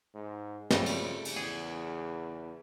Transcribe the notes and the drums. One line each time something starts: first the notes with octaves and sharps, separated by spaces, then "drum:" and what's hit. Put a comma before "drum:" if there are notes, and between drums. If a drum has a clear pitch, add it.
G#2
F2 C#3 G3 A3, drum: snare
drum: cymbal
drum: cymbal
E2 G#4